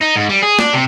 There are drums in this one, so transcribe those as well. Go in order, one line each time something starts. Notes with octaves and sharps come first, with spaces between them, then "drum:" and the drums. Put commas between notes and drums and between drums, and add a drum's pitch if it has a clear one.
D#4
G#2
G3
G#4
D4, drum: snare
C3